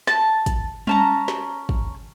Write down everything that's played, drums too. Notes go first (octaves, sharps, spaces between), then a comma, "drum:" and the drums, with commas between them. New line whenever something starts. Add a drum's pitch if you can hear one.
A5, drum: snare
drum: kick, hi-hat
C#4 A5 A#5, drum: tom G3
drum: snare
drum: kick